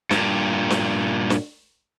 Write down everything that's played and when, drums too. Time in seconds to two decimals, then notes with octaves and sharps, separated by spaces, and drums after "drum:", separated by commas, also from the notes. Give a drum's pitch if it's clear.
0.11 G2 A#2, drum: snare
0.70 drum: snare
1.30 drum: snare